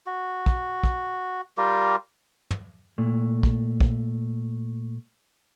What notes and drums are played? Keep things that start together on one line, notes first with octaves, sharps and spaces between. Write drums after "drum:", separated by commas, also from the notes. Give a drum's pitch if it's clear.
F#4
drum: kick
drum: kick
G3 F4 G4 A#4
drum: tom
A#2 A3
drum: kick
drum: kick